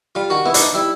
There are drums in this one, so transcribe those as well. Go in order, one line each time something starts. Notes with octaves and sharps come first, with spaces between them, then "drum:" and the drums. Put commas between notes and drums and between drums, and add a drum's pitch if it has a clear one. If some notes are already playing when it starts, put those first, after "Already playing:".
G3 F4
D#3 F#4
B3 E4
D4, drum: hi-hat
D#4
G3 E4